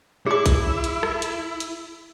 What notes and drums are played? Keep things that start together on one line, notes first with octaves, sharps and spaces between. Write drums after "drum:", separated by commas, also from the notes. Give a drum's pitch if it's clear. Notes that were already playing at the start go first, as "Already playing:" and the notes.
E4 G#4 D6
drum: kick, hi-hat
drum: hi-hat
drum: rim click
drum: hi-hat
drum: hi-hat